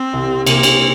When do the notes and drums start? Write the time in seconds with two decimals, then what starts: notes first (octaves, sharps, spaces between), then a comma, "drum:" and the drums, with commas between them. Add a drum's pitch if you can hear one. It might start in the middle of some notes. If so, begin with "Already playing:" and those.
Already playing: C4
0.13 C2
0.47 C2 A#3, drum: cymbal
0.63 drum: cymbal